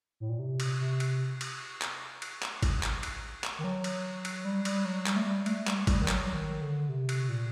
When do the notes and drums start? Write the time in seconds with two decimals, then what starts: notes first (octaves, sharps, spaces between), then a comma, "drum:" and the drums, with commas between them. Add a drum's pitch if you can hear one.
0.20 A2
0.30 A#2
0.39 C3
0.60 drum: cymbal
0.80 C3
1.00 drum: cymbal
1.41 drum: cymbal
1.81 drum: clap
2.22 drum: cymbal
2.42 drum: clap
2.63 drum: kick G#1, cymbal
2.83 drum: clap
3.03 drum: cymbal
3.44 drum: clap
3.58 D#3
3.64 F#3
3.84 drum: cymbal
4.25 drum: cymbal
4.45 G3
4.65 G3, drum: cymbal
4.85 F#3
5.06 G3, drum: clap
5.16 A3
5.26 G3
5.46 A3, drum: cymbal
5.67 G3, drum: clap
5.87 G3, drum: kick G#1, cymbal
6.02 D#3
6.08 F#3, drum: clap
6.34 D#3
6.61 D3
6.89 C3
7.09 drum: cymbal
7.29 A#2